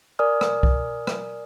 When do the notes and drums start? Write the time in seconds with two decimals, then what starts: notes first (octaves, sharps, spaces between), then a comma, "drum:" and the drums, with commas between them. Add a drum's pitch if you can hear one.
0.19 A#4 D5 G#5 D#6 F6
0.41 drum: rim click
0.63 drum: kick C2
1.07 drum: rim click